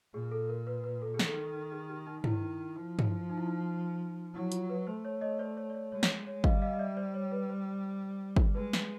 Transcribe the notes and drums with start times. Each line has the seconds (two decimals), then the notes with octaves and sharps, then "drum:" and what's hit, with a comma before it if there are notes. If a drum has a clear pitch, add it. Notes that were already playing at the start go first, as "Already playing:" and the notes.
0.14 A#2 G#4
0.31 A4
0.49 A#4
0.67 B4
0.84 B4
1.02 A4
1.14 G#4
1.19 D#3, drum: snare
1.27 A4
1.72 G#4
1.89 G4
2.07 D#4
2.24 D#3 E4, drum: tom
2.76 F3
2.99 drum: tom G2
3.30 D#4
3.38 E4
3.46 D#4
4.35 F#3 E4
4.52 F4, drum: hi-hat
4.69 B4
4.87 A3 C5
5.05 C#5
5.21 C#5 D#5
5.39 C5 D5
5.57 C#5
5.70 D5
5.74 C#5
5.92 G#3 C#5
6.03 drum: snare
6.27 C#5
6.44 G3 D#5 F5, drum: kick
6.62 D#5 F5
6.73 D#5
6.79 D5 E5
6.97 C5 D5
7.14 C#5
7.32 B4
7.49 C5
8.36 drum: kick
8.54 G#3 B4
8.73 drum: snare